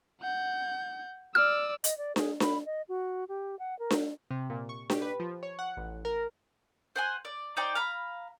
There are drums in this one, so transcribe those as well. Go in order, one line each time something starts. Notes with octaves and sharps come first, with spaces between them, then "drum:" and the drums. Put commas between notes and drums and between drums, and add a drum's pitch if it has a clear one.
F#5 G6
D5 E6 F6
D#5, drum: hi-hat
D5
G#4, drum: snare D4
B5, drum: snare D4
D#5
F#4
G4
F#5
A#4
drum: snare D4
C3
A#2
C#6
G4, drum: snare D4
B4
F3
C#5
F#5
A1
A#4
C5 F#5 G#5
D5
D#4 C5 D5 G5
F5 A#5 B5